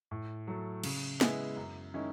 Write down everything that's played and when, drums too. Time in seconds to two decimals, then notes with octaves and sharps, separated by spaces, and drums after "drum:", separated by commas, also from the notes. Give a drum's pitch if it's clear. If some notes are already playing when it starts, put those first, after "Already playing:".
0.11 A2
0.47 F#3 A3
0.84 C#3, drum: cymbal
1.21 G#3 B3 E4 G#4, drum: snare
1.56 F#2
1.94 D#3 G#3 C#4 E4